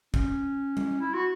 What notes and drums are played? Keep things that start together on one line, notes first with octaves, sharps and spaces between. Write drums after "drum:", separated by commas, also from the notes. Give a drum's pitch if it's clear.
C#4, drum: kick
drum: tom G3
E4
F#4